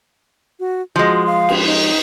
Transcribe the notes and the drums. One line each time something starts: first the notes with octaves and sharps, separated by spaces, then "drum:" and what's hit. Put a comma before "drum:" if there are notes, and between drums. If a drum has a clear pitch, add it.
F#4
F3 G#3 F#4
F5
drum: cymbal
D#4